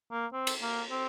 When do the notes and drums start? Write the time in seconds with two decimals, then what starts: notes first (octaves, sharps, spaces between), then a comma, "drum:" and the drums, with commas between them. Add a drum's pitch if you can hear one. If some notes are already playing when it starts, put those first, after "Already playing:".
0.11 A#3
0.33 C4
0.47 drum: cymbal
0.62 A#3
0.90 C4